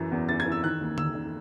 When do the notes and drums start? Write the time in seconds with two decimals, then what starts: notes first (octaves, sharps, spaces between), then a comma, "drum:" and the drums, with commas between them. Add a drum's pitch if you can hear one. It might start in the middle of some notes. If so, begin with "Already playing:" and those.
Already playing: F#2 E3
0.12 E2
0.29 E3 A6
0.40 G#6
0.46 E3
0.52 E6
0.63 D#3 F#6
0.81 D#2
0.98 D#3 E6, drum: tom D3
1.15 D#3